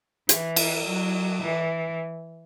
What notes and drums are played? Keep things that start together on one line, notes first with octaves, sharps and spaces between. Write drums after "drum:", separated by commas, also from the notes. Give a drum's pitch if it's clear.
E3, drum: hi-hat
drum: cymbal
F#3
E3